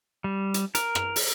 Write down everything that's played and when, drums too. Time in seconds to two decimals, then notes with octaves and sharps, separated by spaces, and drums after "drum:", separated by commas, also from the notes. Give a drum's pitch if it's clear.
0.24 G3
0.54 drum: hi-hat
0.75 A#4, drum: hi-hat
0.95 drum: rim click
1.16 drum: open hi-hat